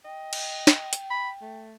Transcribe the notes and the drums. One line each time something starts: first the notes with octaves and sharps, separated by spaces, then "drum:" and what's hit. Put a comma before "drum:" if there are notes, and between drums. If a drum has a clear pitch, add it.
D#5 G5
drum: cymbal
drum: snare
drum: hi-hat
B5
A3